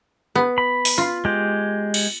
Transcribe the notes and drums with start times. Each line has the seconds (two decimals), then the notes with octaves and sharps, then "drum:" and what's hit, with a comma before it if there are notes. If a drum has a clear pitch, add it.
0.35 B3
0.58 B5
0.85 drum: open hi-hat
0.98 F4
1.25 G#3 G4
1.94 drum: cymbal